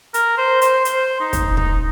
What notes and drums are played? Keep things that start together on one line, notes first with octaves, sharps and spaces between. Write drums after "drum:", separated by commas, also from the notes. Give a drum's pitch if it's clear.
A#4, drum: hi-hat
C5
C5, drum: hi-hat
C5, drum: hi-hat
D#4
drum: kick, hi-hat
D#4, drum: kick